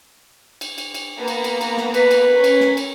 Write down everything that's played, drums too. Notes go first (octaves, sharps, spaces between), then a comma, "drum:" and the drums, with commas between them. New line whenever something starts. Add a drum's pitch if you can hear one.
drum: cymbal
drum: cymbal
drum: cymbal
A#3 B3 A#5
drum: cymbal
drum: cymbal
drum: cymbal
drum: snare
B4, drum: cymbal
drum: cymbal
C#4 A#4
drum: cymbal
drum: snare
drum: cymbal